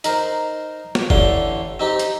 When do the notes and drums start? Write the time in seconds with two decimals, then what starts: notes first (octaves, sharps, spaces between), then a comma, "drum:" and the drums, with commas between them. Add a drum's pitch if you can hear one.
0.04 D#4 A#4 C5, drum: hi-hat
0.95 drum: snare
1.10 A1 A2 D3 C6, drum: kick F1
1.80 C4 D#4 G4
1.99 drum: hi-hat